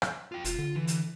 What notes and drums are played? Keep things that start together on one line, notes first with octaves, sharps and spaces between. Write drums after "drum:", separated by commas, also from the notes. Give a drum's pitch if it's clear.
drum: rim click
F4 G5
E1 F4, drum: hi-hat
D3
E3
drum: hi-hat